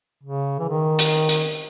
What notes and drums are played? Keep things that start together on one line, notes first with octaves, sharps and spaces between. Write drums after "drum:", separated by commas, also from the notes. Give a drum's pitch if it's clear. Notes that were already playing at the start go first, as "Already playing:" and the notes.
C#3
E3
D#3
drum: hi-hat
drum: hi-hat